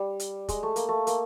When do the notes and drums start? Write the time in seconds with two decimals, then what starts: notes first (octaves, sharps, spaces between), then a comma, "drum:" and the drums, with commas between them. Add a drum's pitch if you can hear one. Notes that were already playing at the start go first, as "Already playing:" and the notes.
Already playing: G3
0.20 drum: hi-hat
0.49 G#3, drum: kick, hi-hat
0.63 A3
0.76 A#3, drum: hi-hat
0.89 A3
1.07 A#3, drum: hi-hat